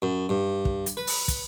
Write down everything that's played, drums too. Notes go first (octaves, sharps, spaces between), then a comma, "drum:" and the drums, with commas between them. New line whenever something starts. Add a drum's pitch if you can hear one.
F#2
G2
drum: kick
drum: hi-hat
B4
drum: open hi-hat
drum: kick, hi-hat